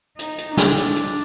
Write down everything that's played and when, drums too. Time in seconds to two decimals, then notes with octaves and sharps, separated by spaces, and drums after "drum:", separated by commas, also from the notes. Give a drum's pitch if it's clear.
0.19 D#4, drum: hi-hat
0.38 drum: hi-hat
0.57 D4, drum: snare
0.77 drum: hi-hat
0.96 drum: hi-hat